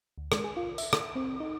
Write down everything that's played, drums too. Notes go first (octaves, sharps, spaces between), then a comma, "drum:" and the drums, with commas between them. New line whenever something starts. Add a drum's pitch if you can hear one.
D2
G#3, drum: rim click
G#4
F4
E5, drum: tambourine
drum: rim click
C4
D#4